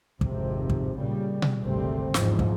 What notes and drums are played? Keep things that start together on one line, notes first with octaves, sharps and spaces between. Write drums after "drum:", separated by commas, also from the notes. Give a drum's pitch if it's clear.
G#1 F2 C3, drum: kick
drum: kick
A#2 C#3 G3
drum: tom B2
G#1 D2 C3 G3 A3 C4
E2 G#2 C#3 F3, drum: snare
drum: kick